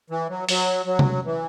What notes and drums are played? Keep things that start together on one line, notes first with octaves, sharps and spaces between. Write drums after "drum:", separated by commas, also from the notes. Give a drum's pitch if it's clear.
E3
F#3
F#3, drum: open hi-hat
F#3
drum: tom C3
E3